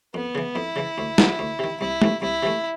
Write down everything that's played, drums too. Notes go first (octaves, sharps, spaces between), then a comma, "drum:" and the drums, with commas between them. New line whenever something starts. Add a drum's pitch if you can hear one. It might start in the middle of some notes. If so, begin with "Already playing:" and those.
F2 B3
C#3 E3
F2 E4
C#3 E3
D2
C3 D#3, drum: snare
D2
C3 D#3
C2 E4
C3 E3 A3, drum: tom
C2 E4
C3 E3 A3